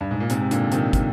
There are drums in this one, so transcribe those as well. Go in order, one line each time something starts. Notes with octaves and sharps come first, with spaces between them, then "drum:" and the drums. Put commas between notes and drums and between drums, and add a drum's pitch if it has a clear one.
G2
G#2
A#2
G#2 C3, drum: hi-hat
C3
A#2 D3, drum: hi-hat
C3 D#3, drum: hi-hat
drum: kick, hi-hat